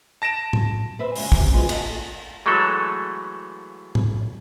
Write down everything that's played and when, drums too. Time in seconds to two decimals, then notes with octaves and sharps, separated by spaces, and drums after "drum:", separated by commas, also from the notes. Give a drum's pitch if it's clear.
0.22 A5 A#6 D7 E7
0.53 drum: tom A2
0.99 C4 B4 C5 E5
1.16 C#3 G#3 F#4, drum: open hi-hat
1.32 A2 C3 C4 C#4 G4, drum: kick
1.53 G#3 B3 C4 F4 F#4 G#4
1.69 F4 A4 D#5 F#5, drum: cymbal
2.46 E3 F#3 G#3 A3 A4
3.95 drum: tom A2